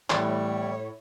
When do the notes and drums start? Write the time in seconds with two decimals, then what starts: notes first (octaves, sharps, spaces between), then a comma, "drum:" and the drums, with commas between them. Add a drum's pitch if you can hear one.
0.10 E2 A2 G3 C#5, drum: clap